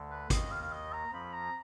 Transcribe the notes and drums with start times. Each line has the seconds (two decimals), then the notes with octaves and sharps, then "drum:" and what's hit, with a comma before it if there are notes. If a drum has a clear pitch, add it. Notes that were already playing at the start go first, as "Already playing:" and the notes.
Already playing: D2 D3
0.11 B4
0.30 D#2 D#3 D#5, drum: kick, hi-hat
0.51 F5
0.62 F5
0.72 D#5
0.92 A#5
1.12 F2 F3 B5
1.33 A#5